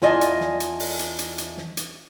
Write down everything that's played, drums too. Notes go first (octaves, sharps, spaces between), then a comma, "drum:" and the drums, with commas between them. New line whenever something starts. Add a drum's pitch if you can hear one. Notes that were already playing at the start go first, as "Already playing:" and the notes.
E2 F4 D5 D#5 G#5 A5, drum: snare
drum: hi-hat
drum: snare
drum: hi-hat
drum: open hi-hat
drum: hi-hat
drum: hi-hat
drum: hi-hat
drum: snare
drum: hi-hat